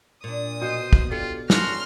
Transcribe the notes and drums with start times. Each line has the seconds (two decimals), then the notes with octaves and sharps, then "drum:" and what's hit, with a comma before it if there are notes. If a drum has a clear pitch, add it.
0.24 A#2 D4 D#6
0.62 B2 C5
0.93 drum: kick
1.11 D4 F4 G4 A4
1.50 B3 C#4 D4 F#4 C6 F6, drum: snare